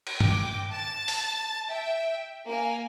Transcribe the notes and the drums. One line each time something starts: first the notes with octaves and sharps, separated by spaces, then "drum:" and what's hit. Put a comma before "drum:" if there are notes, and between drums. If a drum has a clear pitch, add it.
drum: cymbal
G5 D6, drum: tom G2
A5 A6
drum: open hi-hat
E5 G5
A#3 G#5